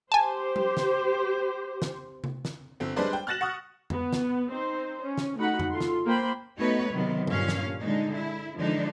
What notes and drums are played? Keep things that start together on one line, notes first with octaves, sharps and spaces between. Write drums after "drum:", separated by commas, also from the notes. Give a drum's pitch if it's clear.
G4 C5 G#5 A5
drum: tom G3
drum: snare
drum: snare
drum: tom C3
drum: snare
G1 C4
G3 G#3 D4 B4 C5 D5
G5
F6 F#6 A6 A#6 E7 F#7
F#5 C#6 D#6
B3, drum: tom F2
drum: snare
C4 D#4 C5
C#4
drum: snare
A3 D#4 F#4 F#5 B5
drum: tom F2
F4 A4 C6
drum: snare
A#3 C5 G5 B5
A3 B3 D#4 F#4 B4 C#5
C3 D#3 F#3 B3
G2 A#2 C#4 F5, drum: tom C#3
drum: snare
D3 G#3 D#4
E4
D3 E3 F3 G#3 D4 D#4